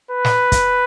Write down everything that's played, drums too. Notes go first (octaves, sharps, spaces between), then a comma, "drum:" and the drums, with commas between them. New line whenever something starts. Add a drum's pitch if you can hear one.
B4
drum: snare
drum: kick, hi-hat